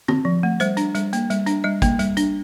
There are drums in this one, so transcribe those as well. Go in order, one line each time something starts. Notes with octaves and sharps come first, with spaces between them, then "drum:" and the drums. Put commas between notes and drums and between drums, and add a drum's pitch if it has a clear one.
C4, drum: tom
F3
A3
G3 C5, drum: hi-hat
D4, drum: hi-hat
G3, drum: hi-hat
A#3, drum: hi-hat
G3, drum: hi-hat
D4, drum: hi-hat
G3 D#5
A#3, drum: kick, hi-hat
G3, drum: hi-hat
D4, drum: hi-hat